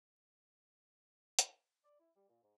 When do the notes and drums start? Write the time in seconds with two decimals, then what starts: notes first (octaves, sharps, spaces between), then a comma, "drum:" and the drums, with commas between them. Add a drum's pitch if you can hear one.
1.39 drum: hi-hat
1.84 D5
2.00 E4
2.15 G3
2.29 A#2
2.43 G#2